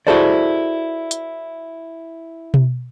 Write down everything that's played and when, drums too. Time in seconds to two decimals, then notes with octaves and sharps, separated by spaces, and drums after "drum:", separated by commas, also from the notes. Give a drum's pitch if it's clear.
0.07 E4 F#4 G#4 A4 C5 D5
1.11 drum: hi-hat
2.54 drum: tom B2